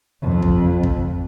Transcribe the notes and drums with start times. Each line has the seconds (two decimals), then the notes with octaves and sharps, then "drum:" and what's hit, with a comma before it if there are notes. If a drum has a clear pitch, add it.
0.22 F2
0.42 drum: kick
0.83 drum: kick